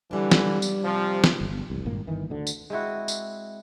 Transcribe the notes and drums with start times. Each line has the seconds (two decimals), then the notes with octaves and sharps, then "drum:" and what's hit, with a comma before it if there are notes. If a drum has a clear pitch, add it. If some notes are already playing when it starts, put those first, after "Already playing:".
0.11 D3 E3 G3 D4
0.31 drum: snare
0.62 drum: tambourine
0.84 C3 F3
1.24 drum: snare
1.41 G1
1.70 F1 C2
1.85 G#1 G2 A#2 A#3
2.07 G1 D#3 E3
2.30 D2 D3
2.47 drum: tambourine
2.70 G#3 C4 E4 F#4
3.08 drum: tambourine